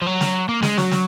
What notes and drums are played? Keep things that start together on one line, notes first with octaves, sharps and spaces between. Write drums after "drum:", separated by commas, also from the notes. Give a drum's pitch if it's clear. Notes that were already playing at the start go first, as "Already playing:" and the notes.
F3
F#3
drum: snare
A#3
G#3, drum: snare
F#3, drum: snare
drum: snare